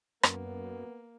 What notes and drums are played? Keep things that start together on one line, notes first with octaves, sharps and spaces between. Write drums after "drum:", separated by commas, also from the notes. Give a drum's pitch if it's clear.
F#2 A#3 B3, drum: rim click